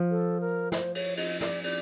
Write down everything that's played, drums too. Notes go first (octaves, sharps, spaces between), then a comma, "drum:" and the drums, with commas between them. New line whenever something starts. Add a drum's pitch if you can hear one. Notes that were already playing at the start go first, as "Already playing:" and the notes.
Already playing: F3
A4
A#4
C5, drum: snare
C#5, drum: cymbal
D#5, drum: cymbal
D5, drum: snare
D5, drum: cymbal